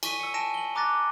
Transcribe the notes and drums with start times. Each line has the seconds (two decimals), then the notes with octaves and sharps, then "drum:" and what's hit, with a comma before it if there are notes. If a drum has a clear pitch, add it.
0.03 G#5 C#6 B6 D#7, drum: cymbal
0.20 E6 C#7
0.34 G#5 A5 A#6 D7 E7
0.54 F#7 G7
0.75 A#5 D6 F#6 A6 A#6